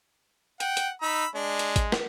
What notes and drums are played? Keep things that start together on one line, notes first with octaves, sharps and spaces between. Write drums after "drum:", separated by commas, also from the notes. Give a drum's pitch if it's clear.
F#5 G5, drum: hi-hat
drum: hi-hat
D#4 B5 E6
G#3 D4
drum: hi-hat
drum: kick G#1, hi-hat
drum: snare